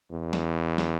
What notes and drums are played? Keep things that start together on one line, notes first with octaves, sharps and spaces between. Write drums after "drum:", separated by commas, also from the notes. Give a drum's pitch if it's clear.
E2
drum: snare
drum: snare